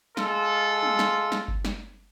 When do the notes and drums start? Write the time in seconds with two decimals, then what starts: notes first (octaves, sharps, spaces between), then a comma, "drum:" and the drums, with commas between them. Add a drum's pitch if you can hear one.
0.17 G#3 F4 A4, drum: snare
0.83 drum: tom
0.99 drum: snare
1.32 drum: snare
1.48 drum: kick G1
1.65 drum: snare